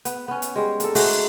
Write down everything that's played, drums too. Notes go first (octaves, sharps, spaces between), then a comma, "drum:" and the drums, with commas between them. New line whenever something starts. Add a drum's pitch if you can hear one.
B3, drum: hi-hat
B3 C#4
drum: hi-hat
G3 G#3
A#3 A4, drum: hi-hat
G#3 A3 D#4 F#4, drum: open hi-hat